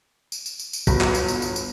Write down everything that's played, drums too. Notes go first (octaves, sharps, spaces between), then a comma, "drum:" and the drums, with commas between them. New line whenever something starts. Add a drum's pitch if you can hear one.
drum: tambourine
drum: tambourine
drum: tambourine
drum: tambourine
G1 B3 F#4 B5, drum: kick, tambourine
drum: clap
drum: tambourine
drum: tambourine
drum: tambourine
drum: tambourine